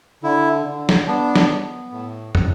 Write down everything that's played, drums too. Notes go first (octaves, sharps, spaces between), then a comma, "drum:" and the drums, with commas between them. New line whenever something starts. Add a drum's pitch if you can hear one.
D3 E4
D3
drum: snare
B3 D4
drum: snare
B3
A2
A2, drum: tom